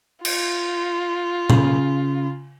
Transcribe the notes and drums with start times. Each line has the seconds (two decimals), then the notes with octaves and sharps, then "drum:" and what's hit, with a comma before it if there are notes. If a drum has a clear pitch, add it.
0.25 F4, drum: cymbal
1.50 C#3, drum: tom A#2